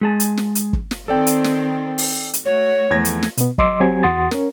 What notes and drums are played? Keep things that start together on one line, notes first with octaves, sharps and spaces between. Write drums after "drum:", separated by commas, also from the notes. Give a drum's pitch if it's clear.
G#3 G#4 A5
drum: hi-hat
drum: snare
drum: hi-hat
drum: kick
drum: snare
D#3 C4 A4 D5 G5
drum: hi-hat
drum: snare
drum: open hi-hat
drum: hi-hat
A3 F#4 C#5
E2 F3 A3 G#6 A#6
drum: hi-hat
drum: snare
B2 B3, drum: hi-hat
F#3 D#5 C6 D6 E6, drum: kick
F#3 C4 G4 G#5 G#6
E2 F#4 F#5 C6 D#6 A6
C#4 A#4, drum: snare